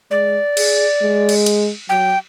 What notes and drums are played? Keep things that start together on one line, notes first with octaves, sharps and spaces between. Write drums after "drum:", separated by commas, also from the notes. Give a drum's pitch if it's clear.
G#3 D5
G#4, drum: cymbal
G#3
drum: cymbal
drum: cymbal
F#3 G5